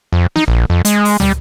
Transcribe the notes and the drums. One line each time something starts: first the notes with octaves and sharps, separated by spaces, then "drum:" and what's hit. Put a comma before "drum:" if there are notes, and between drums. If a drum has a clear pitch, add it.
F2
D#4, drum: snare
A#1
F2
G#3, drum: hi-hat
drum: open hi-hat
G3, drum: tom